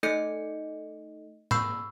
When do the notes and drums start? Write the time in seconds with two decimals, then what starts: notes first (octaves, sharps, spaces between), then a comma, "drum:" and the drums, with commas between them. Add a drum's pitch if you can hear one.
0.03 A3 D#4 A4 D#5 G6 C#7
1.51 B5 C#6 E6 G6 C7, drum: tom G#2